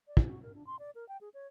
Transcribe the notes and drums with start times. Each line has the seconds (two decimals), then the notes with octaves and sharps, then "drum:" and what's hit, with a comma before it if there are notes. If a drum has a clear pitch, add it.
0.08 D5
0.17 drum: kick
0.28 F#4
0.43 A#4
0.55 D4
0.67 C6
0.79 D5
0.95 A#4
1.08 G5
1.21 G#4
1.34 C#5